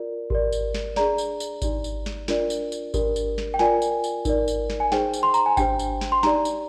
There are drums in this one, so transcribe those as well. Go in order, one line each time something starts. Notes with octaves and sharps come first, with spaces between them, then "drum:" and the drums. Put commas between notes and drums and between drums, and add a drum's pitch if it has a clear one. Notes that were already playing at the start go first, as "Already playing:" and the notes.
Already playing: F4 A#4 D5
G4 A#4 D5, drum: kick G#1
drum: tambourine
drum: snare
D4 G#4 D5 A#5, drum: snare
drum: tambourine
drum: tambourine
D#4 G4 D5, drum: kick G#1, tambourine
drum: tambourine
drum: snare
D4 F4 A#4 D5, drum: snare
drum: tambourine
drum: tambourine
D4 G4 A#4 D5, drum: kick G#1, tambourine
drum: tambourine
drum: snare
G5
F4 A#4 D5 G#5, drum: snare
drum: tambourine
drum: tambourine
D#4 A#4 D5, drum: kick G#1, tambourine
drum: tambourine
drum: snare
G#5
D#4 G#4 C5 G5, drum: snare
drum: tambourine
C6
A#5, drum: tambourine
G#5
D4 G4 C5 G5, drum: kick G#1, tambourine
drum: tambourine
drum: snare
C6
D#4 G4 D5 A#5, drum: snare
drum: tambourine